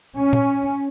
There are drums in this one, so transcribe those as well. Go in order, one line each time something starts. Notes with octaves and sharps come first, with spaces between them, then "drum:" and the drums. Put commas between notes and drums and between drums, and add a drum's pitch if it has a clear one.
C#4
drum: tom A#2